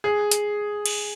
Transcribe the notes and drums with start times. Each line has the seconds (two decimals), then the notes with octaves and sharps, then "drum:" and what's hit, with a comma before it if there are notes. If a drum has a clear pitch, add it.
0.04 G#4
0.31 drum: hi-hat
0.86 drum: cymbal